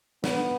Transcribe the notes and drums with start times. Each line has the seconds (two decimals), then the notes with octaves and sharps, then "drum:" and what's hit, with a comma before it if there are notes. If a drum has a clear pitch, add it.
0.24 B3, drum: snare